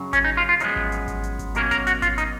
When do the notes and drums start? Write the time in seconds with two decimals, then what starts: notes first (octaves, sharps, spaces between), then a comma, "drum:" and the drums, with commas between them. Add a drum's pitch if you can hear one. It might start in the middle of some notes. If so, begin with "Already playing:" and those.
Already playing: F#2 C#3 F#3
0.13 C#4, drum: kick G#1, hi-hat
0.24 D#4
0.37 F4
0.49 F4
0.60 F#2 F3 G#3 B3 D#4, drum: hi-hat
0.76 drum: kick G#1
0.92 drum: hi-hat
1.08 drum: kick G#1, hi-hat
1.23 drum: hi-hat
1.39 drum: kick G#1, hi-hat
1.55 B2 F#3 A#3 C#4 A#4, drum: hi-hat
1.71 A#4, drum: kick G#1, hi-hat
1.87 F#4, drum: hi-hat
2.02 F4, drum: kick G#1, hi-hat
2.18 D#4, drum: hi-hat